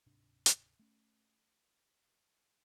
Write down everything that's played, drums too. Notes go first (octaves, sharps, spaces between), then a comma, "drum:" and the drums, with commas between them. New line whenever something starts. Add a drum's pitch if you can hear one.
D1 G#2 C3 D4
drum: hi-hat
A3 C#4